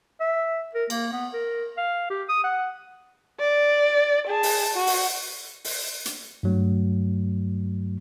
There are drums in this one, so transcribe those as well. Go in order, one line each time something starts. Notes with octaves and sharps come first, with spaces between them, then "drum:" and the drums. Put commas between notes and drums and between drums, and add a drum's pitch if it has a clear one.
E5
A#4
A#3, drum: cymbal
B3
A#4
F5
G4
D#6
F#5
D5
G#4 A5
drum: open hi-hat
F#4
drum: open hi-hat
drum: open hi-hat
drum: hi-hat
G2 F#3 A3